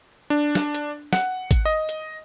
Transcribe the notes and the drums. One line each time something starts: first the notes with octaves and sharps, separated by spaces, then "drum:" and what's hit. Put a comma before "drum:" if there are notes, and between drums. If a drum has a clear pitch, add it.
D4
drum: snare
drum: hi-hat
F#5, drum: snare
drum: kick G#1, hi-hat
D#5
drum: hi-hat